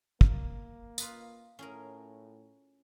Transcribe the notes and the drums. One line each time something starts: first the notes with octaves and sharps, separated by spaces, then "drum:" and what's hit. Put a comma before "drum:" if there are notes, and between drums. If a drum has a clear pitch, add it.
A#3, drum: kick
F4 B4 D#5, drum: tambourine
A2 C#4 G#4 A#4